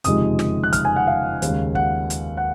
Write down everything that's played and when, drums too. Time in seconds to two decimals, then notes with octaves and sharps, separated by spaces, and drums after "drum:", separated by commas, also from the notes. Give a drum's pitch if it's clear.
0.04 F#1 F2 C3 D#3 G#3 D#6, drum: hi-hat
0.39 drum: snare
0.64 F#6
0.73 F6, drum: kick, hi-hat
0.85 G#5
0.96 F#5
1.07 F5
1.42 D#2 C#3 G#3, drum: hi-hat
1.75 F#5, drum: kick
2.10 drum: hi-hat
2.37 F#5